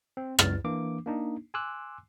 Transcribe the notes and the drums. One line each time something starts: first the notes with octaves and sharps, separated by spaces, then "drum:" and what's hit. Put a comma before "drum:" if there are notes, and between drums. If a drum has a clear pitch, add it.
C4
C#2 F#2 F6 A6, drum: rim click
E3 A#3 D4 D6
A#3 D4 D#4
G#5 C6 D6 E6 F#6